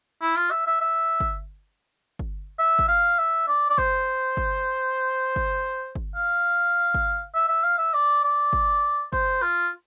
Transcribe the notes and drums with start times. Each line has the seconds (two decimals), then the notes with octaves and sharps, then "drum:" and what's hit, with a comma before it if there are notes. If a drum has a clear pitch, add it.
0.22 E4
0.36 F4
0.51 E5
0.67 E5
0.81 E5
1.20 drum: kick G1
2.19 drum: kick G1
2.59 E5
2.79 drum: kick G1
2.88 F5
3.18 E5
3.48 D5
3.70 D5
3.78 C5, drum: kick G1
4.37 drum: kick G1
5.36 drum: kick G1
5.95 drum: kick G1
6.15 F5
6.94 drum: kick G1
7.35 E5
7.48 E5
7.63 F5
7.78 E5
7.94 D5
8.24 D5
8.53 drum: kick G1
9.13 C5, drum: kick G1
9.42 F4